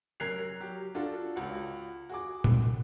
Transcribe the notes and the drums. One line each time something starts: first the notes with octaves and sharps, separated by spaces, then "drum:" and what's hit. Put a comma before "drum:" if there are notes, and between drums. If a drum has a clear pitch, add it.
F#2 A#4 F#6 G#6 C7 F7
F#3 G4
D4 F4 F#4 A4
C#2 F#4 F#5
F#4 G#4 D6
drum: tom A#2